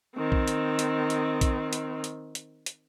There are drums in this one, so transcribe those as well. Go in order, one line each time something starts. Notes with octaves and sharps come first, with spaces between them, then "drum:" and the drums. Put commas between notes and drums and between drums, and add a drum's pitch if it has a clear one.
D#3 C4
drum: kick A#1
drum: hi-hat
drum: hi-hat
drum: hi-hat
drum: kick A#1, hi-hat
drum: hi-hat
drum: hi-hat
drum: hi-hat
drum: hi-hat